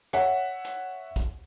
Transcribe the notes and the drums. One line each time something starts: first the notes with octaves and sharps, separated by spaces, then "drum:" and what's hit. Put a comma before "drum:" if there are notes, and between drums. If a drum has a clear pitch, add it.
C#5 E5 F#5, drum: rim click
drum: hi-hat
drum: kick, hi-hat